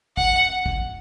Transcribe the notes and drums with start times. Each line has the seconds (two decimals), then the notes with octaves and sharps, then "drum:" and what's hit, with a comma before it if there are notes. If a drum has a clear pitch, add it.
0.17 F#5, drum: kick
0.66 drum: kick